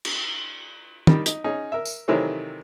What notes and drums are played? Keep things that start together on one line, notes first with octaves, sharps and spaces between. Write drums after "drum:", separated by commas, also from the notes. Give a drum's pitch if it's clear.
drum: cymbal
D#3 G3, drum: tom
D#4, drum: hi-hat
C#4 D#4 G#4
A#4 E5
drum: tambourine
C3 D#3 E3 F#3 A3 C4